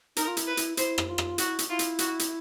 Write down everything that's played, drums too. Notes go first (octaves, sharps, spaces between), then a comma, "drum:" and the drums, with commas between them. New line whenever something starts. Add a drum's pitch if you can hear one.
D#4 A#4, drum: hi-hat
F4
E4, drum: hi-hat
B4
E4, drum: hi-hat
E4 C5, drum: hi-hat
drum: rim click
F4
drum: rim click
E4 F#4, drum: hi-hat
drum: hi-hat
E4 F4
drum: hi-hat
F#4, drum: hi-hat
drum: hi-hat